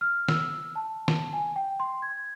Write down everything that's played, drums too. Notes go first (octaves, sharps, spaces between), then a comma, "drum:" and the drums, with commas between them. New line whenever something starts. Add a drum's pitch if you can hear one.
F6
E6, drum: snare
A5
drum: snare
G#5
G5
C6
G#6